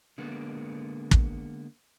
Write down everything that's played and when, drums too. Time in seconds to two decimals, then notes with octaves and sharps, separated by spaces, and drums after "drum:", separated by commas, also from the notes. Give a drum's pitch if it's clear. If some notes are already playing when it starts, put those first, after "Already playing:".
0.18 D3 G#3 A#3 B3
1.11 drum: kick